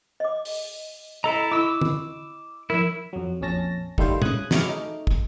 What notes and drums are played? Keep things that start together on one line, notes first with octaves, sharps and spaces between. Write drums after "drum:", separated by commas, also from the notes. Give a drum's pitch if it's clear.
D#5 D6
drum: open hi-hat
E4 A4 D#5 A#5
E4 B5 C#6 D6 E6
drum: tom
F3 E4 A#4
F2 F#3
A#1 F2 C#4 A5 A#6
D#3 G3 A3 E4 F4 C5, drum: kick
C#3 D#6 F#6 G#6, drum: tom
F#3 G#3 E4 C#5 D6 F6, drum: snare
A3 D#4
drum: kick